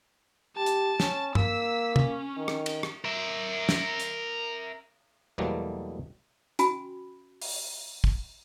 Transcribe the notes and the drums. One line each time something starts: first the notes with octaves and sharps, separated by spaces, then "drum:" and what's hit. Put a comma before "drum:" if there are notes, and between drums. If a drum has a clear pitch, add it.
G4 A5
drum: hi-hat
C#4, drum: snare
A#3 E6 B6, drum: tom
C#4, drum: tom
D#3
drum: rim click
drum: cymbal
drum: rim click
A#4 E5
drum: snare
drum: hi-hat
E2 B2 F#3 G3 A3 A#3
C#4 F#4 G#5 B5, drum: hi-hat
drum: open hi-hat
drum: kick